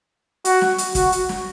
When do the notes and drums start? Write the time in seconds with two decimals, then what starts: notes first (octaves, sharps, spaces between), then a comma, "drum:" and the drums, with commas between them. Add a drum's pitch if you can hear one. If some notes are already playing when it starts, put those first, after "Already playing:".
0.45 F#4, drum: hi-hat
0.61 drum: snare
0.78 drum: hi-hat
0.95 F#4, drum: kick, hi-hat
1.12 drum: hi-hat
1.29 drum: snare